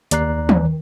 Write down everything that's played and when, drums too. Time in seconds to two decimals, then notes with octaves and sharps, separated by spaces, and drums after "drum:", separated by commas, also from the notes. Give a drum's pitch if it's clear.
0.11 D#2 D5 A#5 F#6 C7, drum: hi-hat
0.49 drum: tom